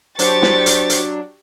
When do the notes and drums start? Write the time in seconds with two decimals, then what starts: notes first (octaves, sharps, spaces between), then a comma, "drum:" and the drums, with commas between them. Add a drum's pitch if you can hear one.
0.19 F#3 D4 G4 C5 C#6 A6, drum: hi-hat
0.42 drum: snare
0.66 drum: hi-hat
0.90 drum: hi-hat